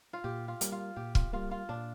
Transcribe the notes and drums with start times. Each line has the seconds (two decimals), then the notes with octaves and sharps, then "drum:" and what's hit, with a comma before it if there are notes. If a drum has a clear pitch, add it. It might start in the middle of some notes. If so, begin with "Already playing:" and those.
0.13 F4
0.24 A#2 G4
0.48 F4
0.61 G3 A#3, drum: hi-hat
0.72 F4
0.96 A#2 G4
1.15 F4, drum: kick
1.33 G3 A#3 F4
1.51 F4
1.69 A#2 D4